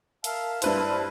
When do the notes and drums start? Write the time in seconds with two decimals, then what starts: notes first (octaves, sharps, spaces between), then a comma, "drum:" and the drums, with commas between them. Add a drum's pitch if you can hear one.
0.24 A#4 E5 F5 A5, drum: hi-hat
0.62 G2 E4 B4 C5, drum: hi-hat